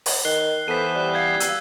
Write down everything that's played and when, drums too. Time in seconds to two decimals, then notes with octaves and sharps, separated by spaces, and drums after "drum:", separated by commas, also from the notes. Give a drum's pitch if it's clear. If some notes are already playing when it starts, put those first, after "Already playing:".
0.06 drum: open hi-hat
0.25 D#3 F#6 C7 G7
0.68 E3 B3 A4 C5 B6 D#7
0.95 G3 F#6
1.14 F5 G6 G#6
1.40 E6, drum: hi-hat